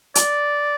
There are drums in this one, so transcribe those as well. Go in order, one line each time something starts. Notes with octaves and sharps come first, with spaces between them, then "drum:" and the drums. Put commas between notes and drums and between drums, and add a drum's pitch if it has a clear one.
D5, drum: hi-hat